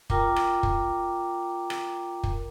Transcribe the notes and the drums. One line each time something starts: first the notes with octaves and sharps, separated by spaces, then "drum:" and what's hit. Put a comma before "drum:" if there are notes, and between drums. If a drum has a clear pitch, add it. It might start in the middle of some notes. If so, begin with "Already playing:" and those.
F4 A#4 G5 A#5 D6, drum: kick
drum: rim click
drum: kick
drum: rim click
drum: kick